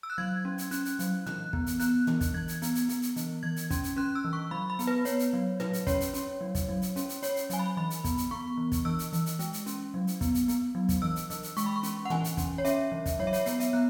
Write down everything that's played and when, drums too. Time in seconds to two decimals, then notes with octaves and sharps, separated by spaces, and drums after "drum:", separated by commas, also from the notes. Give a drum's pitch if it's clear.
0.03 E6
0.10 F#6
0.18 F#3 G#6
0.45 C#4
0.58 drum: hi-hat
0.71 C#4 F#6, drum: hi-hat
0.85 drum: hi-hat
0.99 F#3, drum: hi-hat
1.26 E3 F#6, drum: tom A2
1.53 B3, drum: kick
1.67 drum: hi-hat
1.80 B3 F#6, drum: hi-hat
2.07 E3, drum: tom A2
2.21 drum: kick, hi-hat
2.34 E3 G#6
2.48 drum: hi-hat
2.62 B3, drum: hi-hat
2.75 drum: hi-hat
2.89 B3, drum: hi-hat
3.02 drum: hi-hat
3.16 E3, drum: hi-hat
3.43 E3 G#6
3.56 drum: hi-hat
3.71 C#4, drum: kick, hi-hat
3.84 drum: hi-hat
3.96 C#4 F#6
4.15 E6
4.25 E3
4.33 C#6
4.51 F#3 B5
4.70 B5
4.79 B3, drum: hi-hat
4.87 B4
5.05 B3 C#5, drum: hi-hat
5.19 drum: hi-hat
5.33 F#3
5.60 F#3 B4, drum: tom A2
5.73 drum: hi-hat
5.87 C#4 C#5, drum: kick, hi-hat
6.00 drum: hi-hat
6.14 C#4, drum: hi-hat
6.41 F#3
6.55 drum: kick, hi-hat
6.69 F#3
6.82 drum: hi-hat
6.96 C#4, drum: hi-hat
7.09 drum: hi-hat
7.22 C#4 C#5, drum: hi-hat
7.36 drum: hi-hat
7.50 F#3 G#5, drum: hi-hat
7.59 B5
7.77 E3 B5
7.90 drum: hi-hat
8.04 B3, drum: kick, hi-hat
8.17 drum: hi-hat
8.31 B3 C#6
8.58 E3
8.72 drum: kick, hi-hat
8.85 E3 E6
8.99 drum: hi-hat
9.13 E3, drum: hi-hat
9.26 drum: hi-hat
9.39 G#3, drum: hi-hat
9.53 drum: hi-hat
9.66 C#4, drum: hi-hat
9.94 F#3
10.07 drum: hi-hat
10.21 B3, drum: kick, hi-hat
10.34 drum: hi-hat
10.48 B3, drum: hi-hat
10.75 F#3
10.89 drum: kick, hi-hat
11.02 E3 E6
11.16 drum: hi-hat
11.30 E3, drum: hi-hat
11.43 drum: hi-hat
11.57 G#3 C#6, drum: hi-hat
11.66 B5
11.76 C#6
11.83 C#4, drum: hi-hat
12.05 F#5
12.10 E3 G#5, drum: tom A2
12.24 drum: hi-hat
12.37 C#4, drum: kick, hi-hat
12.58 C#5
12.65 C#4 E5, drum: hi-hat
12.92 E3
13.06 drum: kick, hi-hat
13.19 F#3 C#5
13.27 E5
13.33 C#5, drum: hi-hat
13.46 B3 C#5, drum: hi-hat
13.60 E5, drum: hi-hat
13.73 B3 F#6